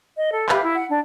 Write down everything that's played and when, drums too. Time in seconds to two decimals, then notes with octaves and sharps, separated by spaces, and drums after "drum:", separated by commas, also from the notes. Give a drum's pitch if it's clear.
0.16 D#5
0.31 A4
0.49 G4 B4 E5 F5, drum: clap
0.63 E4
0.76 F#5
0.89 D4